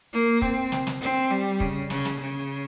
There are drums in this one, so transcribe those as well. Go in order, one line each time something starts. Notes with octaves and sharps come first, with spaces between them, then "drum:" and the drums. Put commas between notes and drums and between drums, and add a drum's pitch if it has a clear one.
A#3
C4, drum: kick
drum: snare
drum: snare
C4
G3
C#3, drum: kick
C#3, drum: snare
drum: snare
C#3